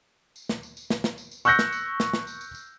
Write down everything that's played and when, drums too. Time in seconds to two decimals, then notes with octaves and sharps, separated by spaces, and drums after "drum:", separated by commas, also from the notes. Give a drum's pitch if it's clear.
0.36 drum: tambourine
0.49 drum: snare
0.63 drum: tambourine
0.77 drum: tambourine
0.90 drum: snare
1.04 drum: snare
1.18 drum: tambourine
1.31 drum: tambourine
1.45 C#6 E6 F#6 G6 A#6 C#7, drum: tambourine
1.59 drum: snare
1.72 drum: tambourine
2.00 drum: snare
2.13 drum: snare
2.27 drum: tambourine
2.41 drum: tambourine
2.55 drum: tambourine